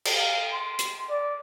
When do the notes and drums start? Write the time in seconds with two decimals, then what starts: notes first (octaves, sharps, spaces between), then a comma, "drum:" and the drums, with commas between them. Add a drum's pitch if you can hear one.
0.05 drum: cymbal
0.15 F5
0.53 C6
0.79 drum: hi-hat
1.10 D5